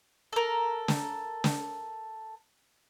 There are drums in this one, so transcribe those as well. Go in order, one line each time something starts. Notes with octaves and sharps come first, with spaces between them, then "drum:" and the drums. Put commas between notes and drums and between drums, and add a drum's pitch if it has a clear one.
A4 A#4
drum: snare
drum: snare